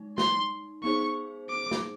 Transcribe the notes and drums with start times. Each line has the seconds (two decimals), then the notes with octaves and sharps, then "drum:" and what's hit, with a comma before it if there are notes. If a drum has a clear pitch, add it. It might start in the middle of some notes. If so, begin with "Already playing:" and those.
Already playing: G#3 D#4
0.18 C6, drum: snare
0.83 B3 D#4 G#4 C5 C#6
1.50 D6
1.71 drum: snare